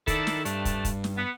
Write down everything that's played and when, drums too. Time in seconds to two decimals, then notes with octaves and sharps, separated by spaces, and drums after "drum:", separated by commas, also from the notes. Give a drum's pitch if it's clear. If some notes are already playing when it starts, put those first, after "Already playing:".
0.07 D#3 D4 E4 A4, drum: kick, hi-hat
0.27 drum: snare
0.45 G2 C3 A3 D4, drum: hi-hat
0.65 drum: kick, hi-hat
0.85 drum: kick, hi-hat
1.04 drum: snare
1.17 B3